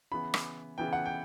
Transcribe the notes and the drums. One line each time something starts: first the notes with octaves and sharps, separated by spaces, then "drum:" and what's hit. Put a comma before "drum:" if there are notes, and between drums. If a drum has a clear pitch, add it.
C#3 E3 B3 B5
drum: rim click
C#3 E3 B3 G5
F#5
G5